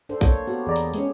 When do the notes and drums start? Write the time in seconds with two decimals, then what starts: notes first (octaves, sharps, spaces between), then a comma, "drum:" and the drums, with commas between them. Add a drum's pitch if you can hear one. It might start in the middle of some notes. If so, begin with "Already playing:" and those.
0.09 D4 A4 C5
0.21 A#3 C#5, drum: kick A#1, hi-hat
0.47 B3 F#4 G4
0.66 E2 G#4 D5 A#5
0.76 drum: hi-hat
0.94 G#3 C#4, drum: hi-hat